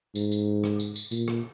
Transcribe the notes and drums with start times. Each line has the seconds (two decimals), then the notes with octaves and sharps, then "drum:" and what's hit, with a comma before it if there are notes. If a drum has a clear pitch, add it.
0.15 G#2, drum: tambourine
0.32 drum: tambourine
0.64 drum: rim click
0.80 drum: tambourine
0.96 drum: tambourine
1.11 A#2, drum: tambourine
1.28 drum: rim click